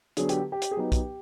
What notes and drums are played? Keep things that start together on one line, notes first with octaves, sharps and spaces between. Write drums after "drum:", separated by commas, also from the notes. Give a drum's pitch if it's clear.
D3 F#3 B3 G#4, drum: hi-hat
G4, drum: hi-hat
G4
drum: hi-hat
G#4
F#3 B3 D#4 G4
drum: kick, hi-hat